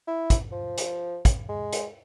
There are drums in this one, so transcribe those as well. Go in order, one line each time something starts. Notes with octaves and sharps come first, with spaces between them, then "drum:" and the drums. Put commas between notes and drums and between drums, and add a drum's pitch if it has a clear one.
E4
drum: kick, hi-hat
F3
drum: hi-hat
drum: kick, hi-hat
G#3
drum: hi-hat